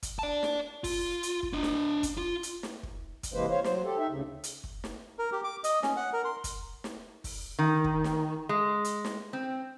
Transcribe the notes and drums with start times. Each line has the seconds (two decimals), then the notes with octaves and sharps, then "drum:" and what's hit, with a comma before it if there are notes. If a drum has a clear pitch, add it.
0.03 drum: kick, hi-hat
0.19 D5 A5
0.43 drum: snare
0.84 F4, drum: kick, open hi-hat
1.23 drum: hi-hat
1.43 drum: kick
1.53 D4 D#5
1.63 drum: snare
2.03 drum: kick, hi-hat
2.18 F4
2.43 drum: hi-hat
2.63 drum: snare
2.83 drum: kick
3.23 drum: kick, hi-hat
3.34 C3 E3 G#3 A#3 B4 C5
3.50 C5 C#5 F5
3.64 F#3 C5, drum: snare
3.84 G4 A4
3.99 D#4 E5
4.10 D2 C#3
4.44 drum: hi-hat
4.64 drum: kick
4.84 drum: snare
5.19 A#4
5.32 G4
5.44 D6
5.64 D#5, drum: hi-hat
5.83 C#4, drum: snare
5.97 F#5
6.13 A#4
6.25 C6
6.44 drum: kick, hi-hat
6.84 drum: snare
7.24 drum: kick, open hi-hat
7.59 D#3
7.84 drum: kick
8.04 drum: snare
8.49 G#3
8.84 drum: hi-hat
9.05 drum: snare
9.33 C4